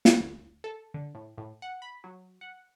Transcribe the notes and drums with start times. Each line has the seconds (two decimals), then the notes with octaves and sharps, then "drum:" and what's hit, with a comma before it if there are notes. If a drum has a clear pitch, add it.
0.05 drum: snare
0.20 D2
0.64 A4
0.94 D3
1.15 A2
1.38 A2
1.62 F#5
1.82 B5
2.04 F#3
2.41 F#5